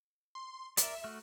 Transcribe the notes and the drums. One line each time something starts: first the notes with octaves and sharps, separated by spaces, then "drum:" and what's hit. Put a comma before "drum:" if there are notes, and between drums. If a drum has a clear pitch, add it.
C6
A#4 D5 E5, drum: hi-hat
A3 F#4 F6